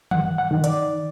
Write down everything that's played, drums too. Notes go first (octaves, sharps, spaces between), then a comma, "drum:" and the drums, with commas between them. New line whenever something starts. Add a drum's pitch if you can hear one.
G2 F#5, drum: tom D3
F#5
D#3
D5, drum: hi-hat